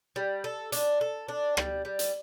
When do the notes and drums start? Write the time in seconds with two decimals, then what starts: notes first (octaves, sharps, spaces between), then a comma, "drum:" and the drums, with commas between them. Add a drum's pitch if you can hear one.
0.16 G3
0.44 A4
0.72 D4, drum: hi-hat
1.01 A4
1.28 D4
1.57 G3, drum: rim click
1.85 G3
1.99 drum: hi-hat